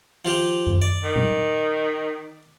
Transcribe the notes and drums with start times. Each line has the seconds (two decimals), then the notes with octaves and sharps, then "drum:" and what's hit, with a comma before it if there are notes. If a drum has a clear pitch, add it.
0.25 F3 F4 G4
0.67 drum: tom F#2
0.82 D5
1.04 D#3
1.16 drum: tom A#2